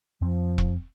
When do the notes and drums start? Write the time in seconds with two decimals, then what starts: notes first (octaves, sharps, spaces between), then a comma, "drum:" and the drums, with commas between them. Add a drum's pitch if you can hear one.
0.21 F2 F3 C4
0.58 drum: kick E1